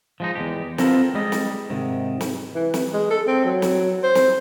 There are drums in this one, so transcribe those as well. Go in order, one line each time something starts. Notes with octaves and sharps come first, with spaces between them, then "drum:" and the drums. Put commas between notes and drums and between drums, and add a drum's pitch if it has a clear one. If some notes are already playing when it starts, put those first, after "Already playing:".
F3 G#3 D#4
E2 G#3 G4
B3 C4 F4 A4 A#4, drum: snare
G3 G#3 D#5
drum: snare
G#2 C3 D#3
drum: snare
E3
drum: snare
G#3
A4
C4
F#3
drum: snare
C5
drum: snare